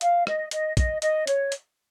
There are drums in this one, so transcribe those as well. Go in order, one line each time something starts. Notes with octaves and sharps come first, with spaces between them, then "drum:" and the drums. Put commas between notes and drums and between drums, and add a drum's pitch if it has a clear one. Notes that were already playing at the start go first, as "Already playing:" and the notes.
F5, drum: hi-hat
D#5, drum: rim click
D#5, drum: hi-hat
D#5, drum: kick, hi-hat
D#5, drum: hi-hat
C#5, drum: hi-hat
drum: hi-hat